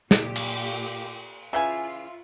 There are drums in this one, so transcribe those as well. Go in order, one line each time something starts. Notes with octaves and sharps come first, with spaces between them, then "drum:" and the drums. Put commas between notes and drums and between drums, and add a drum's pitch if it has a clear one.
A#2 G4, drum: snare
drum: cymbal
C#3 E3 F4 E5 G#5